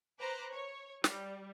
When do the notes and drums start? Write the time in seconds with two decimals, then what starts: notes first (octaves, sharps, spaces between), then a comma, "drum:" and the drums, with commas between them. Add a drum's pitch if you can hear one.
0.20 B4 C5 A#5 D6 F#6
0.52 C#5
1.04 G3, drum: snare